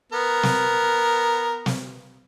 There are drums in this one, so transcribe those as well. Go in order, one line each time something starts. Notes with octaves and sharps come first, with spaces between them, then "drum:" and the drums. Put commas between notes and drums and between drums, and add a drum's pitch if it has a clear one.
B3 A#4
drum: snare
drum: snare